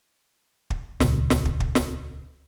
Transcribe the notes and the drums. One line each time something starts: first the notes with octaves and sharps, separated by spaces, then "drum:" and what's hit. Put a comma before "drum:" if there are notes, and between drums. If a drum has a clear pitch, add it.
drum: kick
D#1 C#2, drum: snare
drum: snare
drum: kick
drum: kick
drum: snare